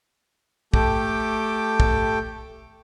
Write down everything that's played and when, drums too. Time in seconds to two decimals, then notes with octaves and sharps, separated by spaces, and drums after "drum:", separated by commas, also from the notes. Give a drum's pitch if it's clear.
0.74 A3 G4 A4 G5 D6, drum: kick
1.80 drum: kick